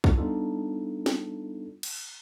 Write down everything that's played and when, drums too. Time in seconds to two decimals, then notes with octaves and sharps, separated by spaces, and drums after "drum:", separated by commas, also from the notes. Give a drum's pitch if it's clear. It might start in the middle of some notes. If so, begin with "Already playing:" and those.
0.04 drum: kick
0.18 G3 B3 D4 D#4 F4 A4
1.06 drum: snare
1.83 drum: cymbal